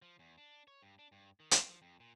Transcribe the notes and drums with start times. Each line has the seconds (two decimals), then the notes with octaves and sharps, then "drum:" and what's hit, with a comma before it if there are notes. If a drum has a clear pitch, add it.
0.02 F3
0.19 E2
0.38 D4
0.68 C#5
0.82 G2
0.99 D4
1.12 G2
1.40 D#3
1.51 C4, drum: hi-hat
1.68 F3
1.82 F2
2.00 A#2